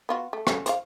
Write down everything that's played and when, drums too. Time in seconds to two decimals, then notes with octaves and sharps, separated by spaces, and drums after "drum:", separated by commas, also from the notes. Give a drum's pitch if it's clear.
0.09 B3 F4 F#4
0.33 A3
0.47 A3 C#4, drum: rim click
0.66 C5 C#5 F5, drum: hi-hat